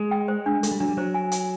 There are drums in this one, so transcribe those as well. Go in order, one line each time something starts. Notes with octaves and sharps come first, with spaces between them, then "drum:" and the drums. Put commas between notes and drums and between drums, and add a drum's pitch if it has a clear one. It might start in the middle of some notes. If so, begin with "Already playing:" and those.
Already playing: G#3
G5
C5
D4
G#3 A4, drum: hi-hat
G3
F#3 D4
G3
F#3 C5
G#5
G#5, drum: hi-hat